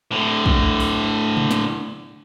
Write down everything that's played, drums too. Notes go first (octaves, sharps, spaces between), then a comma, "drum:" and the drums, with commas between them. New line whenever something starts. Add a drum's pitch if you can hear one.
A2 D3
drum: kick
drum: open hi-hat
drum: tom C3
drum: snare